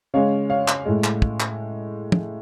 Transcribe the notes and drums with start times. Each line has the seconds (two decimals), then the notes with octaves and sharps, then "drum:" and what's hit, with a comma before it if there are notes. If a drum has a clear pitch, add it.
0.14 C#3 G#3 C#5 F5
0.50 C#5 F5
0.68 drum: clap
0.85 A2 G#3
1.04 drum: clap
1.22 drum: kick
1.40 drum: clap
2.12 drum: tom